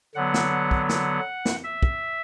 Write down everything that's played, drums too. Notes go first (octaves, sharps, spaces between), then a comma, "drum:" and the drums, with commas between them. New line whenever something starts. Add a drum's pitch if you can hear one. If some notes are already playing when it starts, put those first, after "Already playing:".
D3 F#3 B3 F#5
drum: snare
drum: kick
F#5, drum: snare
drum: snare
E5
drum: kick